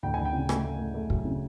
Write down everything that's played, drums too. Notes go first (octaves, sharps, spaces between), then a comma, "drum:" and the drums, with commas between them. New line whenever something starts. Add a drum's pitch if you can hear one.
D2 G5
D2 G#5
G5
C#3
A3 G#5, drum: rim click
A3
A3
A3
F#3, drum: kick
C#3